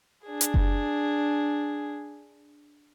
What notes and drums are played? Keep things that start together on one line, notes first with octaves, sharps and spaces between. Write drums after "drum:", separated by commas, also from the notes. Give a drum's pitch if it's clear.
D4 G#4
drum: hi-hat
drum: kick F#1